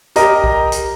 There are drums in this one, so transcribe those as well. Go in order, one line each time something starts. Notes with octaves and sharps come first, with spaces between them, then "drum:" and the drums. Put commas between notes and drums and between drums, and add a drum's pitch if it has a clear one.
G4 A#4 D#5 A#5, drum: hi-hat
drum: kick
drum: hi-hat